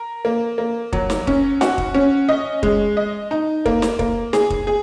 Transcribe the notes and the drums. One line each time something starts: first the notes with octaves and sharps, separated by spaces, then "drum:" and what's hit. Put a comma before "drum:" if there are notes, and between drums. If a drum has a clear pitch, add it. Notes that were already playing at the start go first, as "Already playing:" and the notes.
Already playing: A#4
A#3
A#3
F#3, drum: kick
drum: snare
C#4, drum: kick
F#4, drum: snare
drum: kick
C#4
D#5
G#3, drum: kick
D#5
D#4
A#3, drum: kick
drum: snare
A#3, drum: kick
G#4, drum: snare
drum: kick
G#4